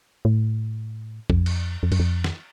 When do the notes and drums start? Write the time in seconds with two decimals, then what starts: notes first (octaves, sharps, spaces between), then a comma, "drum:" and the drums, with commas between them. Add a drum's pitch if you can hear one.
0.25 A2
1.30 F2, drum: kick A1
1.46 drum: cymbal
1.83 F2
1.92 F#2, drum: cymbal
1.99 F2
2.24 drum: snare